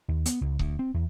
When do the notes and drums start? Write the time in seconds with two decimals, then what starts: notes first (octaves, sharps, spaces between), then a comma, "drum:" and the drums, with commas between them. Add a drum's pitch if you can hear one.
0.08 D#2
0.26 B3, drum: hi-hat
0.41 C#2
0.59 D2, drum: kick C#1
0.79 C4
0.94 E2